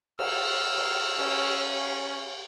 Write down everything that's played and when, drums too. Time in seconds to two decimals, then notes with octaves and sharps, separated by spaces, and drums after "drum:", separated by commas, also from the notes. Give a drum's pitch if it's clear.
0.19 E6 F6, drum: cymbal
0.78 drum: cymbal
1.19 C#4, drum: cymbal